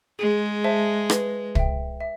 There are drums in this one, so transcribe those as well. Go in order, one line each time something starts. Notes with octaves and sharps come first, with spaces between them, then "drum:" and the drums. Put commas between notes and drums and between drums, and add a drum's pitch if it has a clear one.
G#3 G#4
C5 E5 A5
B4, drum: rim click
E5 G5, drum: kick
E5